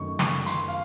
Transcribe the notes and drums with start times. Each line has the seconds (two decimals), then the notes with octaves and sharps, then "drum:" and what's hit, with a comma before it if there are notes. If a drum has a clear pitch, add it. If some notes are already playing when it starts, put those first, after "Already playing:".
Already playing: F#2 D#3 F#3 A3 C#6
0.19 C#6, drum: snare
0.46 C6, drum: hi-hat
0.68 F5